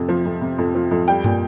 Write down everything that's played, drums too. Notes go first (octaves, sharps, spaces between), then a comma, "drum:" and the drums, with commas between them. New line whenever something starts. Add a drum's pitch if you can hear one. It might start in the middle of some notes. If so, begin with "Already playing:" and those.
Already playing: F2 C3
F3
F2
C3
F2
F3
F2
G3 G5
A#2, drum: tom